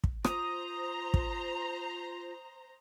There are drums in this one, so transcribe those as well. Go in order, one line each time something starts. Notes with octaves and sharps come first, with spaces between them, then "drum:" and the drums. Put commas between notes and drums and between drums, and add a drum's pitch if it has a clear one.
drum: kick
F4 C5 A#5 D#6, drum: rim click
drum: kick